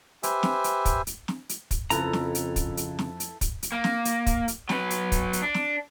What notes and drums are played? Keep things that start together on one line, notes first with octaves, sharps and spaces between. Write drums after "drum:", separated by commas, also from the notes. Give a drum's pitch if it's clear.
G4 B4 C5 E5 G#5, drum: hi-hat
drum: snare
drum: hi-hat
drum: kick, hi-hat
drum: hi-hat
drum: snare
drum: hi-hat
drum: kick, hi-hat
F2 C#3 E4 A4 B4 A#5, drum: hi-hat
drum: snare
drum: hi-hat
drum: kick, hi-hat
drum: hi-hat
drum: snare
drum: hi-hat
drum: kick, hi-hat
drum: hi-hat
A#3
drum: snare
drum: hi-hat
drum: kick, hi-hat
drum: hi-hat
F#3 B4, drum: snare
drum: hi-hat
drum: kick, hi-hat
drum: hi-hat
D4
drum: snare